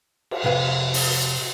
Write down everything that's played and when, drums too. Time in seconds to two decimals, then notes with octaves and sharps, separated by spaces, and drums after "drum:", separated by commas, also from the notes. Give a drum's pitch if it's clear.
0.31 drum: cymbal
0.43 F2 C3 B4 F5 G#5
0.94 drum: open hi-hat